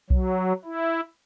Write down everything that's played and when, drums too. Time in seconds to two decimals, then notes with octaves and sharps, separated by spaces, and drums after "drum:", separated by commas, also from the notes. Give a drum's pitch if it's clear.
0.10 F#3, drum: kick B1
0.65 E4